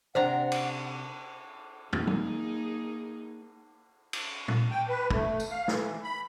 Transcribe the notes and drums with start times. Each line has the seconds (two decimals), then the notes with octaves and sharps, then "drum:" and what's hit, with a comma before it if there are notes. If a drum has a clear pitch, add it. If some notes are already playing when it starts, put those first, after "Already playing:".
0.15 C3 D4 C5 F#5 A#5
0.52 drum: cymbal
1.93 A#3 D#4 G#4, drum: tom
2.07 drum: tom F#3
4.13 drum: cymbal
4.48 drum: tom A#2
4.71 G5
4.89 B4
5.10 A3, drum: kick
5.40 drum: tambourine
5.51 F5
5.68 E3, drum: snare
6.03 B5